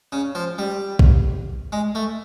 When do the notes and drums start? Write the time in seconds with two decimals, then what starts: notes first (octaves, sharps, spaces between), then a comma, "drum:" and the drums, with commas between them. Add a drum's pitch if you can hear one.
0.12 C#3
0.35 F3
0.58 G3
0.99 drum: kick A#1
1.72 G#3
1.95 A3